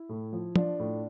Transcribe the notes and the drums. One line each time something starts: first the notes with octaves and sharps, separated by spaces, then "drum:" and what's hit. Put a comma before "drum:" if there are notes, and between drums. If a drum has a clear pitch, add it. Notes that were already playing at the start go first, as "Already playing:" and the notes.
Already playing: E4
A2
F3
F3 D4 F4, drum: tom
A2